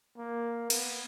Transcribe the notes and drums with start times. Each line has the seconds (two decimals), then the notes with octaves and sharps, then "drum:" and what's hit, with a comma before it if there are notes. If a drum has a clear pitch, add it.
0.17 A#3
0.70 B3, drum: cymbal